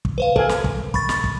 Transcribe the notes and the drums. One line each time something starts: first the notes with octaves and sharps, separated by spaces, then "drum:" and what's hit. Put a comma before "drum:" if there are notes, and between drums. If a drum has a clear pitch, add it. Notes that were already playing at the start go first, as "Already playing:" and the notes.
drum: kick
B4 C5 F5
A4 A#4 F5 G#5, drum: kick
drum: snare
drum: kick
B5 C#6 A6, drum: kick
drum: snare
drum: kick